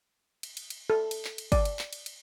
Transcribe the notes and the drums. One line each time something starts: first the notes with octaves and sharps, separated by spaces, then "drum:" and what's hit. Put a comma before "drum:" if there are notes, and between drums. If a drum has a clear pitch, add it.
drum: cymbal
drum: cymbal
drum: cymbal
A4
drum: cymbal
drum: clap
drum: cymbal
D5, drum: kick, cymbal
drum: cymbal
drum: clap
drum: cymbal
drum: cymbal